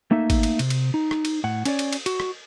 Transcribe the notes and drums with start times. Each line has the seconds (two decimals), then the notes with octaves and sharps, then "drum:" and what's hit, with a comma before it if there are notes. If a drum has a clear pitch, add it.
0.11 A3 A#3 D#4 A4 E5
0.30 drum: kick G#1, cymbal
0.43 drum: cymbal
0.59 C3, drum: cymbal
0.70 drum: cymbal
0.94 D#4
1.11 drum: rim click
1.25 drum: cymbal
1.44 A2 F#5
1.65 C#4 C#5 D5, drum: cymbal
1.79 drum: cymbal
1.93 drum: cymbal
2.06 F#4, drum: cymbal
2.20 drum: rim click